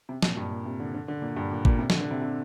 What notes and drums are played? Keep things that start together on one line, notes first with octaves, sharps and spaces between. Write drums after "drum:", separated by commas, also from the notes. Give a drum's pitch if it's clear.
C3
A#2, drum: snare
G2
A#2
C3
D3
D3
D3
A#2
G2
A#2
A#2, drum: kick G#1
C3
D3, drum: snare
D3
C3
C3